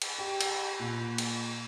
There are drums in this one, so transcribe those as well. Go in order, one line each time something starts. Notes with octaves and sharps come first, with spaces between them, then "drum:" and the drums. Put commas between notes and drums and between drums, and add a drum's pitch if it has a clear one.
drum: cymbal
G4
drum: cymbal
A#2
drum: cymbal